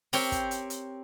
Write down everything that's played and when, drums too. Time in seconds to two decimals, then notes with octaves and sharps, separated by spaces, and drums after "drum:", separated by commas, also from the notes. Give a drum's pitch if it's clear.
0.13 C4 G4 A#4 C5 C#5 G5, drum: open hi-hat
0.32 drum: kick, hi-hat
0.51 drum: hi-hat
0.70 drum: hi-hat